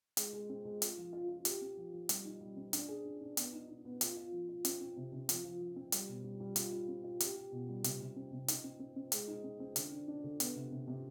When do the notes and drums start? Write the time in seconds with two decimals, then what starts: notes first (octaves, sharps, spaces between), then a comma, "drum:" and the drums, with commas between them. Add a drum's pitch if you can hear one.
0.17 G#3, drum: hi-hat
0.33 G#3
0.49 C4
0.65 G#3
0.82 F4, drum: hi-hat
0.98 F3
1.13 F4
1.29 F4
1.45 G4, drum: hi-hat
1.61 C4
1.77 F3
1.93 F3
2.09 G3, drum: hi-hat
2.25 D#4
2.41 G3
2.57 C4
2.73 D4, drum: hi-hat
2.88 G#4
3.05 D4
3.21 D4
3.37 B3, drum: hi-hat
3.53 D#4
3.68 D#4
3.85 B3
4.01 F4, drum: hi-hat
4.17 F4
4.32 F3
4.49 F4
4.65 C4, drum: hi-hat
4.81 C4
4.97 C3
5.12 C3
5.29 F3, drum: hi-hat
5.44 F3
5.61 F3
5.76 C4
5.92 G3, drum: hi-hat
6.08 B2
6.24 G3
6.40 G3
6.56 F4, drum: hi-hat
6.72 F4
6.88 C4
7.04 F4
7.20 G4, drum: hi-hat
7.36 G4
7.52 B2
7.69 G3
7.84 C3, drum: hi-hat
8.00 C3
8.16 C4
8.32 C3
8.48 D#4, drum: hi-hat
8.64 C4
8.80 C4
8.96 C4
9.12 G#3, drum: hi-hat
9.28 D#4
9.44 C4
9.60 C4
9.76 D3, drum: hi-hat
9.92 D4
10.08 D4
10.24 D3
10.40 B3, drum: hi-hat
10.55 C3
10.72 C3
10.88 C3